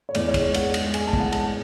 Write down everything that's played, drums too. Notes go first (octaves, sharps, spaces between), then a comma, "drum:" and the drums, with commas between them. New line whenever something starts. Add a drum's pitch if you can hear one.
C#5
E2 D5, drum: cymbal
C#5
G#3, drum: kick, cymbal
D5
G#3 F#5, drum: cymbal
G#3, drum: cymbal
G#3 G#5, drum: cymbal
A5
E2, drum: kick
F#5
G#3 A5, drum: cymbal